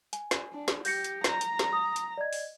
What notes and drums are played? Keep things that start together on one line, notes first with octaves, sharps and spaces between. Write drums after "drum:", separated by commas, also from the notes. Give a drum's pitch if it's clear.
G#5, drum: hi-hat
drum: snare
D4
drum: snare
G4 G6 A#6 C#7, drum: open hi-hat
drum: hi-hat
A#5, drum: snare
drum: hi-hat
drum: snare
D#6
drum: hi-hat
D5 D#5 G#6
drum: open hi-hat